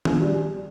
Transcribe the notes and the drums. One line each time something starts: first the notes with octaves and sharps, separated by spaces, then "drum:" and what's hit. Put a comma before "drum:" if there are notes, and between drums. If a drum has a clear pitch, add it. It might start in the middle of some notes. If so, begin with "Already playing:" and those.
A#1, drum: tom D#3
G3